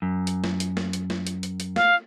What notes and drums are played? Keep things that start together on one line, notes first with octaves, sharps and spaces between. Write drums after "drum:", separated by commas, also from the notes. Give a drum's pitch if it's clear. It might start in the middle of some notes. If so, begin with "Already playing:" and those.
F#2
drum: hi-hat
drum: snare
drum: hi-hat
drum: snare
drum: hi-hat
drum: snare
drum: hi-hat
drum: hi-hat
drum: hi-hat
F5, drum: snare